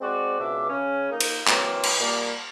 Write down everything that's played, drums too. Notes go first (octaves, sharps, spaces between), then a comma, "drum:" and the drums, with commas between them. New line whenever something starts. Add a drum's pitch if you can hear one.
G#3 C4 F#4 C5 D5
C#2 B2 D4 E5 D6
C#3 C#4
A#3 D#4
drum: cymbal
E3 F#3 A#3 C4, drum: clap
drum: cymbal
A#2 G3 A#3